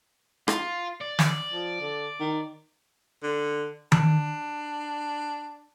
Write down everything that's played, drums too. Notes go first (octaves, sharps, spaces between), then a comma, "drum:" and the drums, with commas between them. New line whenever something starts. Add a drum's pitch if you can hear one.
F4, drum: rim click
D5
drum: snare
F3
D3
D#3
D3
D4, drum: tom D#3